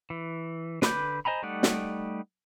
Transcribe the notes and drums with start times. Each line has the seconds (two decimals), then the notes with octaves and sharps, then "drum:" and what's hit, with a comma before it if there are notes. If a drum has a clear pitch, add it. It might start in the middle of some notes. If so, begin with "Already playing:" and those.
0.10 E3
0.82 D3 B4 B5 D6 G6, drum: snare
1.25 C5 D#5 G#5 A#5 B5
1.43 G3 A3 D#4 D5 F#5
1.63 drum: snare